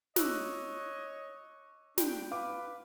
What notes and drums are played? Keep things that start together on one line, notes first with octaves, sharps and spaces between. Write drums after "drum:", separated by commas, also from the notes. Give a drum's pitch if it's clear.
C#5 D#5 D6 E6 F#6, drum: snare
D4 G5, drum: snare
B4 F5 D6